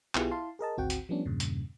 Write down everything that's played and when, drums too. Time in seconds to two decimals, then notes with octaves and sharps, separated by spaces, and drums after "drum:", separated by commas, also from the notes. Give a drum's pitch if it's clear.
0.15 B1 B3 E4 F4 G4 G#4, drum: clap
0.31 E4 F5 A5 C6
0.59 G#4 A#4 D#5 A5
0.77 G#1 D2 C4 F#4 F#5 G5
0.90 drum: hi-hat
1.09 F3 G3 B3 C#4 D4
1.26 E2 G2 A#2 C#3
1.40 drum: hi-hat